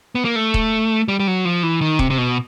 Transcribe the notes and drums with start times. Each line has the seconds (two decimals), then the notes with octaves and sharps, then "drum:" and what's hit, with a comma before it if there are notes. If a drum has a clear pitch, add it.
0.15 B3
0.25 A#3
0.36 A3
0.54 drum: kick
1.08 G3
1.20 G3
1.27 F#3
1.45 F3
1.63 E3
1.81 D#3
1.99 C3, drum: kick
2.10 C3
2.18 B2